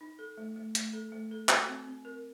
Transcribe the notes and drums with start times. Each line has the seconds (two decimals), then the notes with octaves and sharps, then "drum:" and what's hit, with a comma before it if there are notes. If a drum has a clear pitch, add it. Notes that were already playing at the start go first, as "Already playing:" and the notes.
0.01 D#4
0.19 A4
0.37 A3
0.56 A3
0.75 A3, drum: hi-hat
0.93 A4
1.12 A3
1.31 A4
1.49 F#4, drum: clap
1.68 C4
1.87 C4
2.05 A#4